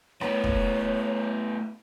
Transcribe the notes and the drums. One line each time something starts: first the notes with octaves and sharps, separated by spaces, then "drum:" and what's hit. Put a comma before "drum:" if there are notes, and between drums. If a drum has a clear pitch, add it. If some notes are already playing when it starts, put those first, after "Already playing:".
A2 B3 C#5, drum: rim click
drum: kick